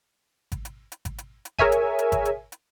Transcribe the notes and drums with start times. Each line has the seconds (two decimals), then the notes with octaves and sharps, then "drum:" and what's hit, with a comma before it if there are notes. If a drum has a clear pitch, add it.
0.52 drum: kick G#1, hi-hat
0.65 drum: hi-hat
0.92 drum: hi-hat
1.05 drum: kick G#1, hi-hat
1.18 drum: hi-hat
1.45 drum: hi-hat
1.59 G#4 A#4 C#5 E5 G#5, drum: kick G#1
1.72 drum: hi-hat
1.99 drum: hi-hat
2.12 drum: kick G#1, hi-hat
2.25 drum: hi-hat
2.52 drum: hi-hat